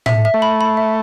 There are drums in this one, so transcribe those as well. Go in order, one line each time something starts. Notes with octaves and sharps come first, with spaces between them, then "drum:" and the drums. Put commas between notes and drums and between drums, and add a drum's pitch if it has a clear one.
E5, drum: tom A2
E5
A3
B5
B5
E5